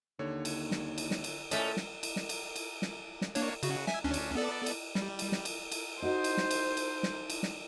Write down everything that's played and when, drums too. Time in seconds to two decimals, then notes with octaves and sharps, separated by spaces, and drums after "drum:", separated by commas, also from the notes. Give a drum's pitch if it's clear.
0.19 D#2 D3 C#5
0.45 drum: cymbal
0.71 drum: snare
0.98 drum: cymbal
1.11 drum: snare
1.24 drum: cymbal
1.51 A#2 A3 C#4 D#5, drum: cymbal
1.77 drum: snare
2.03 drum: cymbal
2.16 drum: snare
2.29 drum: cymbal
2.56 drum: cymbal
2.82 drum: snare
3.21 drum: snare
3.35 A#3 D4 C#5, drum: cymbal
3.63 C#3 F#4, drum: cymbal
3.87 E5 G#5, drum: snare
4.04 D2 C#4 D4
4.14 drum: cymbal
4.35 B3 A4 D5
4.66 drum: cymbal
4.95 G3, drum: snare
5.19 drum: cymbal
5.32 drum: snare
5.45 drum: cymbal
5.72 drum: cymbal
6.02 D#4 F#4 C5 D#5
6.24 drum: cymbal
6.37 drum: snare
6.51 drum: cymbal
6.77 drum: cymbal
7.03 drum: snare
7.30 drum: cymbal
7.43 drum: snare